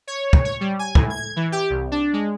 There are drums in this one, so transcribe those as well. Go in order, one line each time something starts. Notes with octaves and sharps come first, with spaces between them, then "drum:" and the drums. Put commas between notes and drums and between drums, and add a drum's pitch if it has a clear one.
C#5
drum: kick
C#5
G3
G#5
A2, drum: kick
G#6
E3
G4
C2
D4
G#3